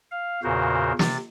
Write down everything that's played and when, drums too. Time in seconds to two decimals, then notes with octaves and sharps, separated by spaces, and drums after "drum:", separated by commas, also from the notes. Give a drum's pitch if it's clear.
0.11 F5
0.43 E2 A#2 C#3 F#4 A#4 C5
0.99 C3 A6, drum: snare